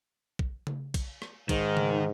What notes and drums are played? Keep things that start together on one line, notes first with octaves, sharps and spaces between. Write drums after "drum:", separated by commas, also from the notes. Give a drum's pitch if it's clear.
drum: kick
drum: tom C#3
drum: kick, cymbal
drum: rim click
G#2 D#3, drum: kick, cymbal
drum: tom C#3